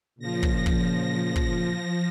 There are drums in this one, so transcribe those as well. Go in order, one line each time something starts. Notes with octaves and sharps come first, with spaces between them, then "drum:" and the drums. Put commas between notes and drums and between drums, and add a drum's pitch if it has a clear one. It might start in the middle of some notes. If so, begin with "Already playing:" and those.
A#2 C#3 F3 A#6
drum: kick
drum: kick
drum: kick